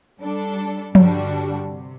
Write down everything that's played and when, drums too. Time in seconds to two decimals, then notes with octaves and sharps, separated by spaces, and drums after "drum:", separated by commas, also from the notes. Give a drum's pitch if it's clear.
0.21 G3 D4 A4
0.95 G2 D3 G3 D4 F#4, drum: tom F3
1.68 C3